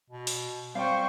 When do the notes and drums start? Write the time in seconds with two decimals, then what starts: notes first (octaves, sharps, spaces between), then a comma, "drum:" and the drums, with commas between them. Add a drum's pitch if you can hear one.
0.10 B2
0.27 drum: open hi-hat
0.75 G3 C4 C5 F5 G5 C#6